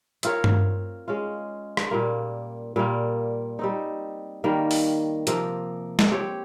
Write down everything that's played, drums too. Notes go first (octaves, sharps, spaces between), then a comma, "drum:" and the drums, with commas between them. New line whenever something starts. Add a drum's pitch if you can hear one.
C4 F4 A#4 C#5, drum: hi-hat
drum: tom G2
G#3 C#4 F4
drum: rim click
A#2 G3 A#3
A#2 G3 A#3
G3 C4 D#4
D#3 G3 A#3
drum: open hi-hat
C3 F3 A#3, drum: hi-hat
drum: snare
C4 G4 C#5